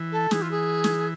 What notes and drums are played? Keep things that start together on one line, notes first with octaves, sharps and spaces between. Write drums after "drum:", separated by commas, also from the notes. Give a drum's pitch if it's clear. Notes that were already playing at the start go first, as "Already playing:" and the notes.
Already playing: E3
A4
E3 G#4, drum: snare
F4
G#4
drum: snare